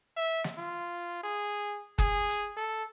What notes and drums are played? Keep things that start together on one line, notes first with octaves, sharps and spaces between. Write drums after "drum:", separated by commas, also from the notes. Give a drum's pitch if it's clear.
E5
drum: snare
F4
G#4
G#4, drum: kick F#1
drum: hi-hat
A4